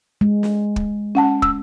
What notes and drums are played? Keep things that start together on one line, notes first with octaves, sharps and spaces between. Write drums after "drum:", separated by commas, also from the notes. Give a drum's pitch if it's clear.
G#3
drum: snare
drum: kick
C#4 F#5 A5
E6, drum: kick